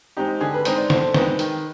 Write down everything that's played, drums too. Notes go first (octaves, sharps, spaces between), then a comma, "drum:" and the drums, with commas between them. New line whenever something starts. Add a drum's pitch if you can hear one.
G#3 C4 D#4 G4
D3 G#4
B4
G#3 C4 D#4 C5, drum: hi-hat
D5
D3 C5, drum: snare
G#3 C4 D#4 B4, drum: snare
D#3, drum: hi-hat